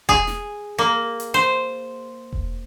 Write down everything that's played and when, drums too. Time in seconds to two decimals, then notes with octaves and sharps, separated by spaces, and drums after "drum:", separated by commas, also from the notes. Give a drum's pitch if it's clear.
0.09 G#4, drum: kick E1
0.27 drum: snare
0.79 A#3
1.20 drum: hi-hat
1.34 C5
2.33 drum: kick E1